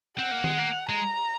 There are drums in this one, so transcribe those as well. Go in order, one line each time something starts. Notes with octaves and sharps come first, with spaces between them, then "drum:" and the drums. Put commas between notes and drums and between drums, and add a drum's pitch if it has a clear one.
C4 F#5
A#3
G#3, drum: tom D#3
A#3
G#3 A#5